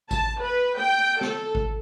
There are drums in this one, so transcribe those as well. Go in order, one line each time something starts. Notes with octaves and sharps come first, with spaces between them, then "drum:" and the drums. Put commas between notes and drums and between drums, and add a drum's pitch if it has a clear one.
A5, drum: kick G#1, tambourine
B4
G5
A4, drum: snare
drum: kick G#1